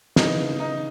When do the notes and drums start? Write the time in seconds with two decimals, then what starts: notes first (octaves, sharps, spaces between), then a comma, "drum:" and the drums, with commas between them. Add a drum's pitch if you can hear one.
0.16 C#3 E3 D#4, drum: snare
0.60 D#4